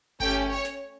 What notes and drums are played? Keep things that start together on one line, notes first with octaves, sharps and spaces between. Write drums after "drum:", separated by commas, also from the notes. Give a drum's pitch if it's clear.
A3 C#4 G4 G5, drum: kick G1
C#5
drum: snare